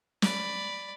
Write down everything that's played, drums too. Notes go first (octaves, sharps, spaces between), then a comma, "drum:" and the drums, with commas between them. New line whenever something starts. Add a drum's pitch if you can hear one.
D5 B5, drum: snare